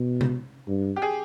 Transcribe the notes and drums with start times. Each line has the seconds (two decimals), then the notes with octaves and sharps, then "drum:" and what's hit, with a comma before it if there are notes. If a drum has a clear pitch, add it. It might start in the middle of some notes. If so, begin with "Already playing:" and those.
Already playing: B2
0.21 drum: tom C3
0.68 G2
0.96 G4
1.02 G#4